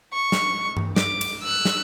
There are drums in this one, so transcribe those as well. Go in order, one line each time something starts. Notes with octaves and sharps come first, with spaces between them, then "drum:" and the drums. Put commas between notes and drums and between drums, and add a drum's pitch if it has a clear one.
C#6
drum: snare
drum: tom G2
D6, drum: snare
drum: cymbal
E6 F#6
drum: snare